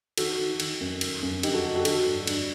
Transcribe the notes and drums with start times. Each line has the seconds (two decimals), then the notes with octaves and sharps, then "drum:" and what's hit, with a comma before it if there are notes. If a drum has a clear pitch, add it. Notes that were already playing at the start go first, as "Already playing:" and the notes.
0.18 D#3 F#4 A4, drum: cymbal
0.39 D#3
0.60 D#3, drum: cymbal
0.81 F#2
1.01 D3, drum: cymbal
1.23 F#2
1.43 D3 D#4 G4, drum: cymbal
1.54 F#4 A4
1.64 D3
1.75 F#4 A4
1.85 D3 F#4 A4, drum: cymbal
2.06 G2
2.27 G2, drum: cymbal